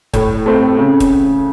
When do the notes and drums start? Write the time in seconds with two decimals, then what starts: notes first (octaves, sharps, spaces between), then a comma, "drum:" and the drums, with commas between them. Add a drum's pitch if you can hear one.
0.13 A2, drum: kick, hi-hat
0.46 A3 C4
0.78 C#3
1.00 drum: kick, hi-hat